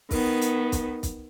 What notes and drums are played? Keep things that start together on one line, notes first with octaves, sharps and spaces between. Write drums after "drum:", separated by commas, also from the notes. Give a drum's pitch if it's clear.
D#3 B3, drum: kick, open hi-hat
drum: hi-hat
drum: kick, hi-hat
drum: kick, hi-hat